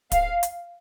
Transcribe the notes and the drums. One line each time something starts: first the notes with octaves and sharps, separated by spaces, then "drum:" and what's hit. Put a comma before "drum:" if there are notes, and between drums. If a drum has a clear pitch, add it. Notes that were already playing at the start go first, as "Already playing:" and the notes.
F5, drum: kick, hi-hat
drum: hi-hat